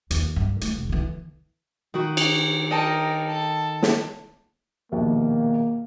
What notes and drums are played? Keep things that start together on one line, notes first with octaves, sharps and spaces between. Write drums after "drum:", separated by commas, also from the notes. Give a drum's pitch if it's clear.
D#2, drum: hi-hat
G2
A3, drum: hi-hat
E1
D3 E3
D#3 F#4
drum: cymbal
A#4 D#5 G5 A5
A4
drum: snare
A#1 D#2 B2 A#3